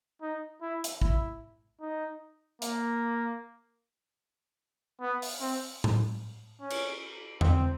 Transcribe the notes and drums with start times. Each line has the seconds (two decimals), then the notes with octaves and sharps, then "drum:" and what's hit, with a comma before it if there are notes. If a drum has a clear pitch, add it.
0.22 D#4
0.62 E4
0.84 drum: hi-hat
1.02 E4, drum: kick A1
1.81 D#4
2.62 A#3, drum: hi-hat
5.01 B3
5.22 drum: open hi-hat
5.41 C4
5.84 drum: tom A2
6.61 C#4
6.70 drum: cymbal
7.41 C4, drum: tom E2